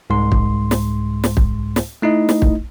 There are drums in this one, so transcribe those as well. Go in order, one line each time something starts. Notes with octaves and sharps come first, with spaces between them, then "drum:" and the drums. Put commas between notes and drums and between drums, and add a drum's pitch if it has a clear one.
C2 G#2 G#3 C6
drum: kick
drum: snare
drum: snare
drum: kick
drum: snare
A3 D#4 E4 D#5
drum: snare
drum: kick